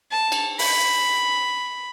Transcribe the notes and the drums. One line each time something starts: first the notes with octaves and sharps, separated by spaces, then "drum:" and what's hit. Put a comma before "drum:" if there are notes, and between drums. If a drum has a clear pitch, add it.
A5
drum: cymbal
B5, drum: open hi-hat